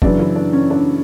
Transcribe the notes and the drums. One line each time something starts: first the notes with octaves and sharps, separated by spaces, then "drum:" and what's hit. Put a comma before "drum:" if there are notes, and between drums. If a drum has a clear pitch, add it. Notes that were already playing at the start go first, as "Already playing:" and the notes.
F#2 C#3 E3 D4 D5, drum: kick
E3 E4
D4
C#4
D4